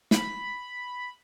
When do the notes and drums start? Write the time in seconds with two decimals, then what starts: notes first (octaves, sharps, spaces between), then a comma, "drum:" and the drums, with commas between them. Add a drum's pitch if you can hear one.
0.11 B5, drum: snare